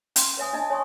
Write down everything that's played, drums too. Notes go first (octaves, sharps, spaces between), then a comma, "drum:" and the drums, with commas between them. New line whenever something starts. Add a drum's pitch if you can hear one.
C#4 C6, drum: hi-hat
B4 C#5 E5 G#5 D#6
D4 D#5 E5 A5
C#5 G#5 C6 C#6 D#6